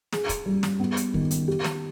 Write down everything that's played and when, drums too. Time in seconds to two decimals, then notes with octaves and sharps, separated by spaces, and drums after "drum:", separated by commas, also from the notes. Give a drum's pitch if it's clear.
0.13 G#4, drum: snare
0.29 drum: kick, hi-hat
0.46 G3
0.63 drum: snare
0.80 B3
0.97 drum: hi-hat
1.14 D#3, drum: kick
1.31 drum: hi-hat
1.48 G4
1.64 drum: snare